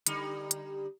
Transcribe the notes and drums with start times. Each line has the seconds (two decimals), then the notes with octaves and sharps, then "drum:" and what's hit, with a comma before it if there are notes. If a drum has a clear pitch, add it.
0.07 D3 G3 D#4, drum: hi-hat
0.51 drum: hi-hat